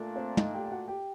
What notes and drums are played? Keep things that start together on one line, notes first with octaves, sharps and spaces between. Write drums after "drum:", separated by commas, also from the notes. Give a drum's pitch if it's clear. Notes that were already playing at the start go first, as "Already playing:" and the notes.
Already playing: A#2 A3 D4
C4 C5
D#4 D#5, drum: tom
G4 G5
G5
F#4 F#5
G4 G5